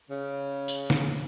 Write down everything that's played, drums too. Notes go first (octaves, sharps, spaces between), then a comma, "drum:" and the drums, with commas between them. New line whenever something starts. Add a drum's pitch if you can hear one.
C#3
drum: tambourine
drum: snare